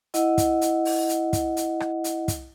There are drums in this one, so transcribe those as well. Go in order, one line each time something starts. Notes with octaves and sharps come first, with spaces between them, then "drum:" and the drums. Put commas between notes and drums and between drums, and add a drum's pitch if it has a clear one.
E4 D#5 F#5, drum: hi-hat
drum: kick, hi-hat
drum: hi-hat
drum: open hi-hat
drum: hi-hat
drum: kick, hi-hat
drum: hi-hat
drum: rim click
drum: hi-hat
drum: kick, hi-hat